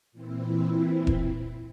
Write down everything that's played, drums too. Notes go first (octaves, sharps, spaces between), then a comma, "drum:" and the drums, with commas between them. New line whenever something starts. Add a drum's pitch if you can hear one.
A#2 E3 C4 E4
drum: kick E1